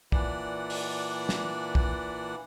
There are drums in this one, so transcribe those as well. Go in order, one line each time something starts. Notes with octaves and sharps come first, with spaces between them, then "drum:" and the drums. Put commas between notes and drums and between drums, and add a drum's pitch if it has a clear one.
A#2 E3 D4 D5 F#5, drum: kick B1
drum: open hi-hat
drum: snare
drum: kick B1